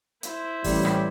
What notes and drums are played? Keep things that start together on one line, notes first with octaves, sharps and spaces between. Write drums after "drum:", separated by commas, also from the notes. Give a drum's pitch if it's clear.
E4 C5, drum: hi-hat
A1 G3, drum: kick, open hi-hat
drum: rim click